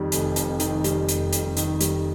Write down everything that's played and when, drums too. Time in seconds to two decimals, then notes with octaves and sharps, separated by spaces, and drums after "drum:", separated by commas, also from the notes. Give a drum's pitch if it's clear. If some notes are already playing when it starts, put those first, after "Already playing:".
Already playing: F2 D#3 G3
0.12 F1, drum: hi-hat
0.36 F2, drum: hi-hat
0.60 D#3, drum: hi-hat
0.84 G3, drum: hi-hat
1.09 F1, drum: hi-hat
1.33 F2, drum: hi-hat
1.57 D#3, drum: hi-hat
1.81 G3, drum: hi-hat